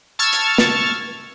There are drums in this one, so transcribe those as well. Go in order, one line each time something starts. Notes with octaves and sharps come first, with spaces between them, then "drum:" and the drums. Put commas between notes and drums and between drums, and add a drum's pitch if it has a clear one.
A5 C#6 E6 F6 G#6 A6
drum: hi-hat
drum: snare